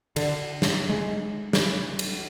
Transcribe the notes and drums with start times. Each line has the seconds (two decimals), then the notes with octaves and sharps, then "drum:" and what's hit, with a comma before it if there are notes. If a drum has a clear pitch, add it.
0.16 D3, drum: cymbal
0.62 drum: snare
0.89 G#3
1.53 drum: snare
1.99 drum: cymbal